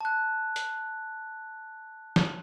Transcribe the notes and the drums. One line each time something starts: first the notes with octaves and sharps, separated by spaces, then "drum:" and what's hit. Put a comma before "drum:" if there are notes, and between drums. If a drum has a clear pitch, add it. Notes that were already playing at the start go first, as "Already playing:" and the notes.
A5 F#6
drum: hi-hat
drum: snare